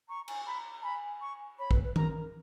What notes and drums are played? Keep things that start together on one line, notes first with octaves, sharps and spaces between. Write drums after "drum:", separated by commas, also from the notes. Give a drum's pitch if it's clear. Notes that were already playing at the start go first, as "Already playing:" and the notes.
A#5 C#6
G#5, drum: cymbal
A#5 B5
A#5
G#5 B5
C#6
C#5 B5
B4, drum: kick
B4
A#4 A#5, drum: tom D#3